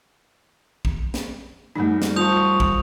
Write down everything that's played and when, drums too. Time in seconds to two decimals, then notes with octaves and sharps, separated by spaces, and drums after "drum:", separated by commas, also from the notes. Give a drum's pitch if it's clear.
0.85 drum: kick
1.14 drum: snare
1.76 F#2 F#3 G3 A3 D#4
2.02 drum: snare
2.16 F3 C#6 D#6 G6 F7
2.60 drum: kick